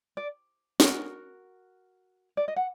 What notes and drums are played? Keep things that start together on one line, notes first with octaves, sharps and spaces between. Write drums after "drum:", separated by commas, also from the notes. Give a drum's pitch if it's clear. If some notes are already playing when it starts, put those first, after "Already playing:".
D5
F#4 A#4, drum: snare
D5
D#5
F#5